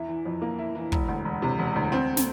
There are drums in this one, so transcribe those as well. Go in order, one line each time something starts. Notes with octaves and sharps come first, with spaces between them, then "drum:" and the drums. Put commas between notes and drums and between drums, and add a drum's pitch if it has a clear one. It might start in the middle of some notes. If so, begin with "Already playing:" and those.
Already playing: E2 E4
E3
F2
A#3
E4
E3
E1, drum: kick
D2
E1
C3
E1
D2
C4
drum: snare